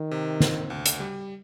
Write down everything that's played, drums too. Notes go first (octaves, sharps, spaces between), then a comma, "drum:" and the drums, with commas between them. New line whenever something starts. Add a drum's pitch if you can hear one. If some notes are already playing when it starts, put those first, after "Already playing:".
Already playing: D#3
C3
C4, drum: snare
D2
drum: hi-hat
G3